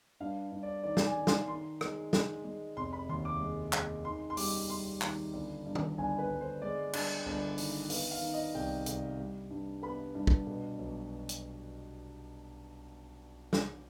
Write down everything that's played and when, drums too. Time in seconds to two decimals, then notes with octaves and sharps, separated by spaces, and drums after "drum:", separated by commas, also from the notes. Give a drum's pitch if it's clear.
0.20 G2 F5
0.52 G2
0.63 D5
0.83 D#3 D5
0.97 drum: snare
1.06 G#5
1.16 D#3
1.27 C6, drum: snare
1.48 D#3 C6
1.81 G#3, drum: rim click
2.13 G#3, drum: snare
2.44 G#3
2.76 F1 C6
2.93 B5
3.09 D#2 C6
3.25 D6
3.40 G#3
3.73 G#3, drum: clap
4.05 D#3 C6
4.30 C6
4.37 G3 D6, drum: open hi-hat
4.70 G3 C6
5.01 D#3, drum: clap
5.33 G1
5.66 G2
5.75 drum: tom D#3
5.98 G1 G#5
6.19 B4
6.30 G1
6.41 C5
6.62 G#3 D5
6.93 G2, drum: cymbal
7.26 G1
7.58 D#3, drum: open hi-hat
7.90 B3 F5, drum: open hi-hat
8.11 F5
8.22 D#3
8.34 D#5
8.55 C2 G5
8.86 C2, drum: hi-hat
9.18 G3
9.50 G2
9.83 B3 B5
10.14 G2
10.27 drum: kick
10.47 B2
10.79 B1
11.29 drum: hi-hat
13.53 drum: snare